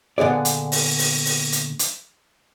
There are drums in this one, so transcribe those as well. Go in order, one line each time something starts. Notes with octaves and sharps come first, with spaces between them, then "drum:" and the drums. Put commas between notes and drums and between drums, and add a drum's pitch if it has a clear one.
A#2 D3 B3 G#4 D5
drum: hi-hat
drum: open hi-hat
drum: open hi-hat
drum: open hi-hat
drum: hi-hat
drum: hi-hat